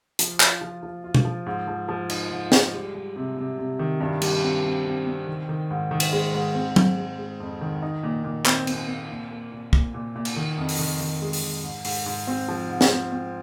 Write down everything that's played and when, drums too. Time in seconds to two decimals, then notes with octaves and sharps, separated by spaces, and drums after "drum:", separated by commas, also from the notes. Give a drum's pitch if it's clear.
0.19 F3, drum: hi-hat
0.40 F4, drum: clap
0.61 F3
0.83 F3
1.04 F4
1.15 drum: tom B2
1.25 F3
1.46 G#2
1.68 F3
1.89 F3
2.10 D#4, drum: cymbal
2.31 G#2
2.52 G#3, drum: snare
2.73 G3
2.94 G3
3.16 C3
3.37 C3
3.58 C3
3.79 D#3
4.00 G2
4.22 G3, drum: cymbal
4.43 C4
4.64 C4
4.86 C4
5.07 C4
5.28 D#3
5.49 D#3
5.70 G#2
5.91 D#3
6.00 drum: cymbal
6.12 G#3
6.34 G#2
6.55 C4
6.76 G#3, drum: tom
6.97 G#3
7.19 G#3
7.40 F2
7.61 D#3
7.82 D#4
8.03 A#2
8.24 A#2
8.46 C4, drum: clap
8.67 C4, drum: cymbal
8.88 C4
9.09 A#2
9.31 A#3
9.52 A#2
9.73 A#2, drum: kick
9.94 A#2
10.15 A#2
10.25 drum: cymbal
10.36 D#3
10.58 F2
10.69 drum: open hi-hat
10.79 D#3
11.00 D#3
11.22 G#3
11.33 drum: open hi-hat
11.43 D#3
11.64 G#2
11.85 G#2, drum: open hi-hat
12.06 G#2
12.27 C4
12.48 F3
12.70 G#2
12.81 drum: snare
12.91 C4
13.12 C4